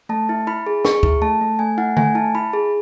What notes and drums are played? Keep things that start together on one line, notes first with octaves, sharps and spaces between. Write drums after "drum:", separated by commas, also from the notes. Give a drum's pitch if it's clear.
A3 A5
E4
E4 B5
G#4
G#4 C#6, drum: snare
E4, drum: kick
A3 A5
A3
A3 G#5
E4 F#5
A3 G#5, drum: tom D3
E4 A5
E4 B5
G#4